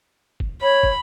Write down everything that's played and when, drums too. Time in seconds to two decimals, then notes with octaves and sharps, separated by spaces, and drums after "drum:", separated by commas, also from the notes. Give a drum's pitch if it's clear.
0.40 drum: kick
0.62 C#5 B5
0.83 drum: kick